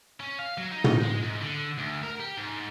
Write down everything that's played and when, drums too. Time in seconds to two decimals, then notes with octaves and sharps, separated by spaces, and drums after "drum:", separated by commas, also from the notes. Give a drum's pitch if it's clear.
0.20 C#4
0.39 F5
0.58 F#3
0.71 D#4
0.84 drum: tom
1.01 G#3
1.22 G#2
1.42 D3
1.78 D2
2.03 A#4
2.20 G4
2.38 G#2